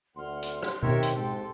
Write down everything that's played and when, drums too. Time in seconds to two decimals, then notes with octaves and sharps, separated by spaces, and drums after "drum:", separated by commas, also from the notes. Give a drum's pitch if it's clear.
0.16 D2 F#5 C6 F6
0.42 drum: hi-hat
0.63 drum: rim click
0.83 D#3 C4 G4 A#4 C#5 E5, drum: tom B2
1.03 drum: hi-hat
1.16 G#2 A4